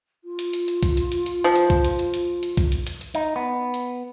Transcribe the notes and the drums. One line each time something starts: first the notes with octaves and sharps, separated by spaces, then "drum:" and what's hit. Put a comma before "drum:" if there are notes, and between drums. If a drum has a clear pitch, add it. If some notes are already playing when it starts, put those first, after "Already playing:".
F4
drum: hi-hat
drum: hi-hat
drum: hi-hat
drum: kick B1, hi-hat
drum: hi-hat
drum: hi-hat
drum: hi-hat
F3
drum: hi-hat
drum: kick B1
drum: hi-hat
drum: hi-hat
drum: hi-hat
drum: hi-hat
drum: kick B1, hi-hat
drum: hi-hat
drum: hi-hat
drum: hi-hat
D#4, drum: hi-hat
B3
drum: hi-hat